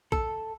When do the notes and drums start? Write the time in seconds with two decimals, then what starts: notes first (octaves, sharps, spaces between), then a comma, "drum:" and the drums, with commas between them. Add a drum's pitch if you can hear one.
0.12 A4, drum: kick A#1